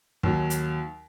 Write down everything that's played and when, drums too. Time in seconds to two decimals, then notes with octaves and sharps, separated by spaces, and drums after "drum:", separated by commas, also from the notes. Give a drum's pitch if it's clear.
0.23 D#2 F#3, drum: kick
0.50 drum: hi-hat